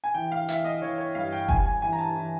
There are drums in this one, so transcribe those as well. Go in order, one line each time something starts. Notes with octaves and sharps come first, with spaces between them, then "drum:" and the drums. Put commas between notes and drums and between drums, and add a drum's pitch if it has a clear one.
G#5
E3 G5
F5
E3 E5, drum: hi-hat
D#5
E3 C#5
C#5
G2 F5
G5
G2 G#5, drum: kick F#1
G#5
E3 G#5
A#5
A5
E3